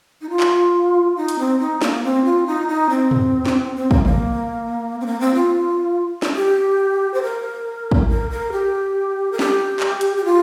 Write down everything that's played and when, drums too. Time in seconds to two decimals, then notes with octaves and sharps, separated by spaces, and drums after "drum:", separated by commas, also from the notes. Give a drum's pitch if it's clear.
0.21 D#4
0.30 F4
0.40 drum: clap
1.17 D#4
1.28 drum: hi-hat
1.39 C4
1.60 D#4
1.81 A#3, drum: snare
2.04 C4
2.25 F4
2.47 D#4
2.68 D#4
2.90 C4
3.11 drum: tom
3.45 drum: snare
3.76 C4
3.91 A#3, drum: kick
4.05 A#3, drum: tom
5.01 C4
5.06 A#3
5.20 C4
5.35 F4
6.22 drum: snare
6.36 G4
7.14 C5
7.23 A#4
7.91 drum: kick
8.09 A#4
8.30 A#4
8.52 G4
9.32 A#4
9.39 G4, drum: snare
9.80 drum: clap
10.01 drum: hi-hat
10.17 G4
10.25 F4